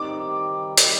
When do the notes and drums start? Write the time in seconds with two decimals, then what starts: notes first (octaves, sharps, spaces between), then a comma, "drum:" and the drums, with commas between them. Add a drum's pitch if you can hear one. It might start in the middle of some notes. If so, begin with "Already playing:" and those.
Already playing: D#3 G3 C4 D#4 D6
0.77 D#3 G3 C4 D#4, drum: hi-hat